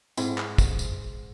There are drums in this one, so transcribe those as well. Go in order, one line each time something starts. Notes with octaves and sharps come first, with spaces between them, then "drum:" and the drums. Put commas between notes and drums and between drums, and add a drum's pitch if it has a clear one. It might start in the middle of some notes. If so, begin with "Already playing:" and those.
G#2 C4 E4, drum: tambourine
drum: clap
drum: kick, tambourine
drum: tambourine